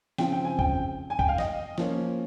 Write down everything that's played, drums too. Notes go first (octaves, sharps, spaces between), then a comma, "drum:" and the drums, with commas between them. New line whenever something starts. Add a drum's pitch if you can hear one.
C#3 F3 C4 G5, drum: snare
G5
G#5
G5, drum: kick
G#5
G5, drum: kick
F5
D#5, drum: snare
F3 A#3 C#4, drum: snare